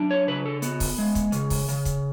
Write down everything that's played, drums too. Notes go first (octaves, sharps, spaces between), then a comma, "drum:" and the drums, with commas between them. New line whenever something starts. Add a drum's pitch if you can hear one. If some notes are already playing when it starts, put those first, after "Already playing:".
Already playing: F#3 D4
C#5
C#3 B4
A4
B3, drum: hi-hat
drum: kick, open hi-hat
G#3
drum: kick, hi-hat
C#3, drum: hi-hat
drum: kick, open hi-hat
C#3, drum: hi-hat
drum: kick, hi-hat